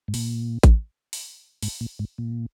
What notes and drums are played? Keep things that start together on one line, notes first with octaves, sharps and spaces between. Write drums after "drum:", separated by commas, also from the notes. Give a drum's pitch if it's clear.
G#2
A#2, drum: open hi-hat
drum: kick A1, hi-hat
drum: open hi-hat
G#2, drum: open hi-hat
A#2
G#2
A#2